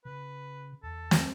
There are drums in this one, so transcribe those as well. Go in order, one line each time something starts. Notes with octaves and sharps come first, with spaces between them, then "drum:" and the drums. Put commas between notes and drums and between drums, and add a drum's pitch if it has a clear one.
C#3 B4
E2 A4
drum: snare